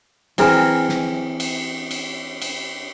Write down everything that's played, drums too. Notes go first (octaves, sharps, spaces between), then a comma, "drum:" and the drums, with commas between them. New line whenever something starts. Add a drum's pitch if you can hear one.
E3 C4 G#4 A#4, drum: cymbal
drum: snare
drum: cymbal
drum: cymbal
drum: cymbal